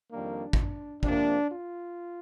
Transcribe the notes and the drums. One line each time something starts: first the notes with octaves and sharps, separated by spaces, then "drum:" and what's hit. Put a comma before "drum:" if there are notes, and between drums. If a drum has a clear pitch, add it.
F2 D#3 G3 A#3 D4
drum: kick
C3 F3 A#3 D4, drum: kick
F4